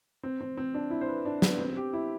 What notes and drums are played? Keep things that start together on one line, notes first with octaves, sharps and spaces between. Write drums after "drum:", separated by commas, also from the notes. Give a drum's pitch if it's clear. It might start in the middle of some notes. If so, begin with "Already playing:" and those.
C4
C4
C4
D4
E4
C5
B4
D4
B3, drum: snare
C4
G4
E4